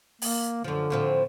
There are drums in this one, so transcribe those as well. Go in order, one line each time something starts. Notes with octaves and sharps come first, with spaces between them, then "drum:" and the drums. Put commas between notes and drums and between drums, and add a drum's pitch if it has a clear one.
A#3, drum: open hi-hat
F#2 D3 F3
A2 F3 C4